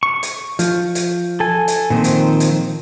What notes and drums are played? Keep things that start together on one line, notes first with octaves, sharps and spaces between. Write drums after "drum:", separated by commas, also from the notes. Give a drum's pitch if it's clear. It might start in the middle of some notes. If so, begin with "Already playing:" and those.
C#6
drum: hi-hat
F3, drum: hi-hat
drum: hi-hat
A4 G#5
drum: hi-hat
A#2 D#3 F3 C4
drum: hi-hat
drum: hi-hat